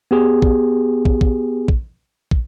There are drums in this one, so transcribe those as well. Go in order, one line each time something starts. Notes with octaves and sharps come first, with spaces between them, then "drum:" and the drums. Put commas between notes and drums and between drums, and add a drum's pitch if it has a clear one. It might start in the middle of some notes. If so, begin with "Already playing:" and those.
B3 G4 G#4
drum: kick
drum: kick
drum: kick
drum: kick
drum: kick